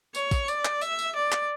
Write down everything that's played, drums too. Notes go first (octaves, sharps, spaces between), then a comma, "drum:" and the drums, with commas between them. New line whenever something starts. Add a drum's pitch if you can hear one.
C#5, drum: tambourine
drum: kick, tambourine
D5, drum: tambourine
drum: clap
E5, drum: tambourine
drum: tambourine
D5
drum: clap